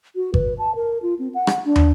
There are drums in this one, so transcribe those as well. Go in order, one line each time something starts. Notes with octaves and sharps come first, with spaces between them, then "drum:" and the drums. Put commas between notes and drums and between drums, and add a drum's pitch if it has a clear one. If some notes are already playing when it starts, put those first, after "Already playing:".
F#4
B4, drum: kick G#1
A5
A#4
F4
C4
F#5
drum: rim click
D4
drum: tom